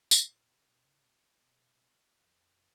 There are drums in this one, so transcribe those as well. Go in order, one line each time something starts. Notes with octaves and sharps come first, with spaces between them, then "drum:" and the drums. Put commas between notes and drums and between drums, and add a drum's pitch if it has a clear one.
C#3, drum: tambourine
A#2
B2
C#3
B2
C#3
B2
B2
A#2
F2
F#2